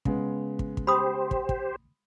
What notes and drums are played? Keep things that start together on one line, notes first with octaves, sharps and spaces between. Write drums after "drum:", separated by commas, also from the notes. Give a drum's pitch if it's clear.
C#3 G#3 B3, drum: kick
drum: kick
drum: kick
G4 C5 B5 C6 D#6
drum: kick
drum: kick